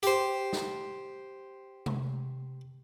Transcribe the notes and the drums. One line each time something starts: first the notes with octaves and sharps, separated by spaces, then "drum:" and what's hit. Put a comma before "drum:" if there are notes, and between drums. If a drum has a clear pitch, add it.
G4 C5, drum: hi-hat
drum: snare
drum: tom C3